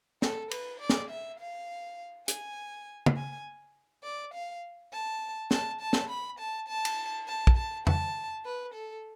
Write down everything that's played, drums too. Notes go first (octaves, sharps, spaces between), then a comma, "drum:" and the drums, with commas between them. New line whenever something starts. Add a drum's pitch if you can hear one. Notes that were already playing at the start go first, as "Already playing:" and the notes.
A4, drum: snare
B4, drum: cymbal
D5
drum: snare
E5
F5
G#5, drum: hi-hat
drum: tom
G#5
D5
F5
A5
A5, drum: snare
A5
drum: snare
B5
A5
A5
drum: cymbal
A5
drum: kick
A5
A5, drum: tom F2
B4
A4